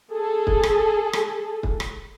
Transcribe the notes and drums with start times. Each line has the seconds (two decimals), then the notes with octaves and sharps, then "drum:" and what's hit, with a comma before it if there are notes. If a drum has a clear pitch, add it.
0.14 G#4 A4
0.47 drum: kick
0.63 drum: rim click
1.13 drum: rim click
1.63 drum: kick
1.80 drum: rim click